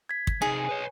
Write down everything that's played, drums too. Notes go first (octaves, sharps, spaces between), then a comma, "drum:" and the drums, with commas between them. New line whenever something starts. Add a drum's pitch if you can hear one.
G#6 B6
drum: kick
C3 D#4 G#4 G#5
B4 C#5